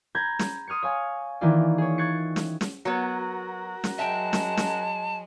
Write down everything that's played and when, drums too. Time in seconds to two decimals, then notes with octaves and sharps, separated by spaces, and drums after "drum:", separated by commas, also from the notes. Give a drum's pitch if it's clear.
0.15 A#5 B5 G6 G#6
0.39 drum: snare
0.68 C6 D#6 F6 G#6 C#7
0.82 C#5 F5 G#5 F6
1.41 D#3 E3 A#3 E4 F4 D5
1.78 G#4 C#5
1.98 C#6 F#6 G#6 A6 C7 C#7
2.36 drum: snare
2.61 drum: snare
2.85 F#3 B3 F#4 A#4
3.84 drum: snare
3.99 F#3 G#3 E5 G5 A5
4.33 drum: snare
4.57 drum: snare